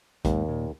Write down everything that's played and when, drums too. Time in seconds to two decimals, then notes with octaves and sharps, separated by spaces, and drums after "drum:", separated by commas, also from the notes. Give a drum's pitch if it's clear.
0.25 D#2 G#2, drum: kick A#1, hi-hat
0.49 A#2